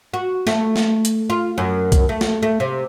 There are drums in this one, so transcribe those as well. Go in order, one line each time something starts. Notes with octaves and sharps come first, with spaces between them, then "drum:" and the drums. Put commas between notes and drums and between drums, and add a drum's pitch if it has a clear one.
F#4
A3, drum: snare
drum: snare
drum: hi-hat
F4
F#2
drum: kick C2, hi-hat
A3
drum: snare
A3
C3